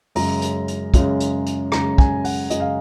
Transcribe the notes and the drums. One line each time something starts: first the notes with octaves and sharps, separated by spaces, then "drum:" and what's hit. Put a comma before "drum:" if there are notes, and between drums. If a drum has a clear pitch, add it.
F#2 C#3 G#3 A#5, drum: open hi-hat
drum: hi-hat
drum: hi-hat
F#2 C#3 G#3, drum: kick, hi-hat
drum: hi-hat
drum: hi-hat
F#2 C#3 G#3 A#5, drum: rim click
G#5, drum: kick
F#5, drum: open hi-hat
F#2 C#3 G#3 D#5, drum: hi-hat
F5